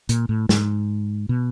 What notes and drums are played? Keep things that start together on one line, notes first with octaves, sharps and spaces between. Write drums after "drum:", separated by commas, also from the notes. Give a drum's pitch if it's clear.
A#2, drum: hi-hat
A2
G#2, drum: snare
B2